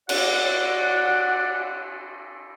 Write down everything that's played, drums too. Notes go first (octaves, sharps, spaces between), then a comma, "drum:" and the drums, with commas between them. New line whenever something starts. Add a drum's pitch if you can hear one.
F#4 D5 F#5, drum: cymbal